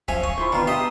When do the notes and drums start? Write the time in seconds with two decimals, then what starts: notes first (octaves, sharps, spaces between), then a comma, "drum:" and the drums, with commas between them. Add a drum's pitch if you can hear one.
0.08 F3 C#4 E5 G#5, drum: kick
0.23 C#6 D#6, drum: kick
0.38 E4 F4 C5
0.52 B2 D#3 D4 F4
0.67 G4 D#5 E5 A5 C6 D#6